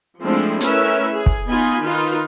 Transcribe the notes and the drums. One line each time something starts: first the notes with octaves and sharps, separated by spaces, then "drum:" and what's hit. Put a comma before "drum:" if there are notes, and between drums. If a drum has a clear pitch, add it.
F3 G#3 A3 C4 D4 E4
A3 C#4 E4 A#4 B4 E5, drum: hi-hat
G#4
drum: kick
B3 D#4 F4 D#5 G#5 B5
D#3 D#4 F4 B4